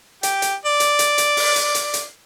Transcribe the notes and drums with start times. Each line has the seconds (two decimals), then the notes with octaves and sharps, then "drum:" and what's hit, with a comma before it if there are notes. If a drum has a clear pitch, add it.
0.23 G4, drum: hi-hat
0.42 drum: hi-hat
0.66 D5
0.80 drum: hi-hat
0.99 drum: hi-hat
1.18 drum: hi-hat
1.37 drum: open hi-hat
1.56 drum: hi-hat
1.75 drum: hi-hat
1.94 drum: hi-hat